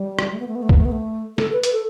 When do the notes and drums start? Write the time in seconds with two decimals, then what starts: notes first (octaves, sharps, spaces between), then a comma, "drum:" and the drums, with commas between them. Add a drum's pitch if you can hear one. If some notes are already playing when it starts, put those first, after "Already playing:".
Already playing: G3
0.19 drum: rim click
0.32 A3
0.40 B3
0.48 A3
0.55 B3
0.63 A3
0.69 B3, drum: kick
0.77 A3
0.85 B3
0.92 A3
1.38 A4, drum: snare
1.53 B4
1.64 B4, drum: hi-hat
1.73 A4